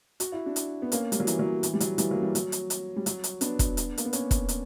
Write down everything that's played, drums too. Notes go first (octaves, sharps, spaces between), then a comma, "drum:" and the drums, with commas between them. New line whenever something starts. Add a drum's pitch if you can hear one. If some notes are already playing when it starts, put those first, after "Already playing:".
F#4, drum: hi-hat
E4
D4 F#4
drum: hi-hat
B3
A#3 C#4, drum: hi-hat
G3, drum: hi-hat
F#3
E3, drum: hi-hat
F#3
E3, drum: hi-hat
G3
F#3, drum: hi-hat
E3 G3, drum: hi-hat
F#3 A#3
E3 G3
F#3, drum: hi-hat
drum: hi-hat
drum: hi-hat
G3
F#3, drum: hi-hat
drum: hi-hat
B3 D4, drum: hi-hat
drum: kick, hi-hat
drum: hi-hat
A#3, drum: hi-hat
B3
A#3 C#4, drum: hi-hat
drum: kick, hi-hat
drum: hi-hat